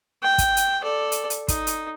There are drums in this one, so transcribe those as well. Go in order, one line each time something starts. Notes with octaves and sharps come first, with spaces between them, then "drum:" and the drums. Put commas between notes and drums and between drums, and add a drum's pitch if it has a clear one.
G5
drum: kick, hi-hat
drum: hi-hat
A4 D5
drum: hi-hat
drum: hi-hat
D#4, drum: kick, hi-hat
drum: hi-hat